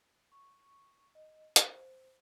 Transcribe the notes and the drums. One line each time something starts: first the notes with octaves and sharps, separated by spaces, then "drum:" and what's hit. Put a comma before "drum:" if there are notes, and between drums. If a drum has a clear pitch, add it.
C#6
D#5
C5, drum: hi-hat